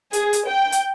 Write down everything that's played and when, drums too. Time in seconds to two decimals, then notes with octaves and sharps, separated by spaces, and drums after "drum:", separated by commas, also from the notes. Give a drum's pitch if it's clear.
0.13 G#4, drum: hi-hat
0.33 drum: hi-hat
0.48 G5
0.72 drum: hi-hat